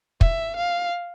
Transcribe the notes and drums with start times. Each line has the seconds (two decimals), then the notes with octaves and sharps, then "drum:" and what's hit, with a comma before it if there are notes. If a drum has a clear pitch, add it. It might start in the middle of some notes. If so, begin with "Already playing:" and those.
0.21 E5, drum: kick
0.56 F5